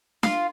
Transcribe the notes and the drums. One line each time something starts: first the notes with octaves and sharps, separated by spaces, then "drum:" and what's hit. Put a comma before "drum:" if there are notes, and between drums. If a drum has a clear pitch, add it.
F4, drum: snare